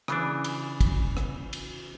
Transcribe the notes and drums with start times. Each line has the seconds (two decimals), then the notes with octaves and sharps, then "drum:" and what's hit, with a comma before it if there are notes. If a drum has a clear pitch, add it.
0.08 C#3 E3 D4, drum: rim click
0.44 drum: cymbal
0.81 drum: kick, cymbal
1.17 drum: rim click
1.53 drum: cymbal